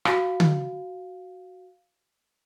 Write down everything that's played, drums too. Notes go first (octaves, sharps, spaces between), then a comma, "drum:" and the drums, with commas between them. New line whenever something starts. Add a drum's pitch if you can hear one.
F#4 F5, drum: rim click
drum: tom D3